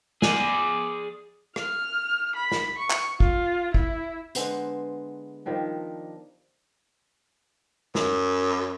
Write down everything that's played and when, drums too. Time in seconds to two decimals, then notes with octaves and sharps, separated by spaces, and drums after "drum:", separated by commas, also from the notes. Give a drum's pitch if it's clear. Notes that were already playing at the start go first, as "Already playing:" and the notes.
0.22 G#4 D5, drum: snare
1.56 F6, drum: rim click
2.36 B5
2.52 drum: snare
2.79 C#6
2.90 drum: clap
3.20 F4, drum: kick
3.74 E4, drum: kick
4.35 D3 G#3 B3 C5, drum: hi-hat
5.46 D#3 F3 G3 D4
7.95 F#2, drum: snare